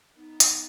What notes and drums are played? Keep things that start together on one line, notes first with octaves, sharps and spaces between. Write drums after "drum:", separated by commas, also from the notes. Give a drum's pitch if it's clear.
B3 D#4
drum: hi-hat